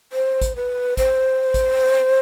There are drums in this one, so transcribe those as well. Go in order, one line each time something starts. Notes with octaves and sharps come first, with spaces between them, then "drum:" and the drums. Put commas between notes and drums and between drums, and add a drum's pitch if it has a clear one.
C5
drum: kick A1, hi-hat
B4
C5, drum: kick A1, hi-hat
drum: kick A1, hi-hat